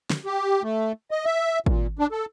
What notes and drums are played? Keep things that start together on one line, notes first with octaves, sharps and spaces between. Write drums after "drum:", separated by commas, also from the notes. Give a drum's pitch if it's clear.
drum: snare
G4
A3
D#5
E5
A#2, drum: kick
D4
A4